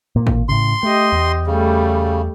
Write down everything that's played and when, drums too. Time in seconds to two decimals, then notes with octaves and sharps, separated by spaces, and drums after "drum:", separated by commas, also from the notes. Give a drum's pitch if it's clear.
0.16 A#2 A#3
0.27 drum: kick G#1
0.49 A2 C#3 C6
0.83 A3 G4 D#5
1.12 E2
1.47 C#3 G3 A3